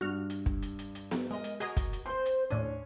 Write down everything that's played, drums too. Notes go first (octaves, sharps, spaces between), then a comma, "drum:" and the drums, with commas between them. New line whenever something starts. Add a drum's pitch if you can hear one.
G2 F#4 F6
drum: hi-hat
drum: kick
drum: hi-hat
drum: hi-hat
drum: hi-hat
drum: snare B3
G#3 A#4 D#5
drum: hi-hat
F#4 G#4 A#4 D#5 A#5 D#6, drum: hi-hat
drum: kick, hi-hat
drum: hi-hat
C4 C5 C6
drum: hi-hat
D#2 A2 C#4 D4